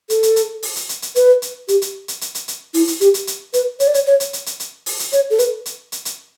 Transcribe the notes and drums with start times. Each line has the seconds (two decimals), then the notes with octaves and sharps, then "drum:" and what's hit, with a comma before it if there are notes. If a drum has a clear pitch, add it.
0.10 A4, drum: hi-hat
0.23 drum: hi-hat
0.36 drum: hi-hat
0.63 drum: open hi-hat
0.76 drum: hi-hat
0.89 drum: hi-hat
1.02 drum: hi-hat
1.16 B4, drum: hi-hat
1.42 drum: hi-hat
1.68 G4, drum: hi-hat
1.82 drum: hi-hat
2.08 drum: hi-hat
2.21 drum: hi-hat
2.35 drum: hi-hat
2.48 drum: hi-hat
2.74 E4, drum: open hi-hat
2.88 drum: hi-hat
3.01 G4, drum: hi-hat
3.14 drum: hi-hat
3.27 drum: hi-hat
3.53 B4, drum: hi-hat
3.80 C#5, drum: hi-hat
3.87 D5
3.94 C#5, drum: hi-hat
4.07 C#5
4.20 drum: hi-hat
4.33 drum: hi-hat
4.46 drum: hi-hat
4.60 drum: hi-hat
4.86 drum: open hi-hat
4.99 drum: hi-hat
5.12 C#5, drum: hi-hat
5.30 A4
5.39 B4, drum: hi-hat
5.66 drum: hi-hat
5.92 drum: hi-hat
6.05 drum: hi-hat